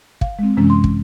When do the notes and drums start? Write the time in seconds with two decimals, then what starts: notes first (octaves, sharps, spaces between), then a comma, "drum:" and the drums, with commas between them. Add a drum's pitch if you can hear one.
0.21 F5, drum: kick
0.39 G#3 C4
0.57 F#2 C3 E3 G#3 C#4
0.70 C6
0.84 drum: kick